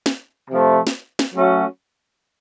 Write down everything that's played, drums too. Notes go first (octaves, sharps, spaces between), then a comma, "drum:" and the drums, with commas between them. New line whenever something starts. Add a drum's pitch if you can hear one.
drum: snare
C3 F3 A3
drum: snare
drum: snare
F#3 A3 C#4 F#4